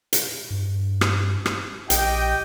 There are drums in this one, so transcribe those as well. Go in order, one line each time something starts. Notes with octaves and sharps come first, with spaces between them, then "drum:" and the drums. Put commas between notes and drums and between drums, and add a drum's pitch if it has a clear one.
drum: hi-hat
G2
drum: rim click
drum: rim click
A#1 G4 D#5 G5, drum: hi-hat